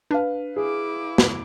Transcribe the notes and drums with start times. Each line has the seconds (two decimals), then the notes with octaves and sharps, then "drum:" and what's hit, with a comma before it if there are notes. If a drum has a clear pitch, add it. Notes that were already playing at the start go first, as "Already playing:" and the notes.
0.11 D4 B4 F5
0.56 E4 G#4 D6
1.18 drum: snare